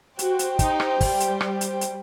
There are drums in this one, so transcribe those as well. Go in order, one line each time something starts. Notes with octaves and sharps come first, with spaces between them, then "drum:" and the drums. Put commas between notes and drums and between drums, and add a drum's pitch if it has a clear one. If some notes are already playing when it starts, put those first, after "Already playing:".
F#4 G4 C5 G5, drum: hi-hat
drum: hi-hat
D#4, drum: kick, hi-hat
drum: rim click
G3, drum: kick, open hi-hat
drum: hi-hat
drum: rim click
drum: hi-hat
drum: hi-hat